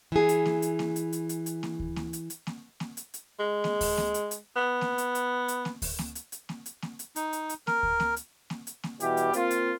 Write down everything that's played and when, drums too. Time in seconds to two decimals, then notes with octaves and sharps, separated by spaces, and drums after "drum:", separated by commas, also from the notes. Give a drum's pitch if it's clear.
0.12 E3 G#4
0.29 drum: hi-hat
0.45 drum: snare A#3
0.62 drum: hi-hat
0.79 drum: snare A#3
0.96 drum: hi-hat
1.13 drum: hi-hat
1.29 drum: hi-hat
1.46 drum: hi-hat
1.63 drum: snare A#3
1.80 drum: kick D2
1.96 drum: snare A#3
2.13 drum: hi-hat
2.30 drum: hi-hat
2.47 drum: snare A#3
2.80 drum: snare A#3
2.97 drum: hi-hat
3.14 drum: hi-hat
3.39 G#3
3.64 drum: snare A#3
3.81 drum: kick D2, open hi-hat
3.97 drum: snare A#3
4.14 drum: hi-hat
4.31 drum: hi-hat
4.56 B3
4.81 drum: snare A#3
4.98 drum: hi-hat
5.15 drum: hi-hat
5.48 drum: hi-hat
5.65 drum: snare A#3
5.82 drum: kick D2, open hi-hat
5.99 drum: snare A#3
6.15 drum: hi-hat
6.32 drum: hi-hat
6.49 drum: snare A#3
6.66 drum: hi-hat
6.82 drum: snare A#3
6.99 drum: hi-hat
7.16 D#4, drum: hi-hat
7.33 drum: hi-hat
7.49 drum: hi-hat
7.67 A#4, drum: snare A#3
7.83 drum: kick D2
8.00 drum: snare A#3
8.16 drum: hi-hat
8.50 drum: snare A#3
8.67 drum: hi-hat
8.83 drum: snare A#3
9.00 B2 E3 G3 G4, drum: hi-hat
9.17 drum: hi-hat
9.33 A#3 C4 F4, drum: hi-hat
9.51 drum: hi-hat